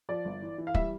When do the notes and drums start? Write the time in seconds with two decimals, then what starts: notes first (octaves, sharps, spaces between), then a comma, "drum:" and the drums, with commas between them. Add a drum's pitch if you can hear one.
0.09 F3 D5
0.25 G1
0.42 E3
0.58 E3
0.67 F5
0.75 G3 E5, drum: kick